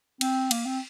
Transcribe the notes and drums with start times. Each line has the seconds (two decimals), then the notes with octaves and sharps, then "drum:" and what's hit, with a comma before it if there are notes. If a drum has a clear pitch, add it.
0.21 C4, drum: cymbal
0.51 A#3, drum: cymbal
0.66 C4